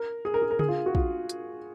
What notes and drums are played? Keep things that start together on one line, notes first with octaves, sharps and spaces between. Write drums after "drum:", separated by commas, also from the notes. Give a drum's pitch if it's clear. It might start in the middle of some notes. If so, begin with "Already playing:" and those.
Already playing: A#4
G#4
A#4
G#4
A#4
G#4, drum: tom C#3
F4
F#4
F4, drum: kick
drum: hi-hat